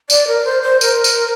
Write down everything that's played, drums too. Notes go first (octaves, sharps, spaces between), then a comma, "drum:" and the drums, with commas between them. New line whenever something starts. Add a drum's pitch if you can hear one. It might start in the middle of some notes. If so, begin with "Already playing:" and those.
D5, drum: tambourine
A#4
C5
C5
A#4, drum: tambourine
drum: tambourine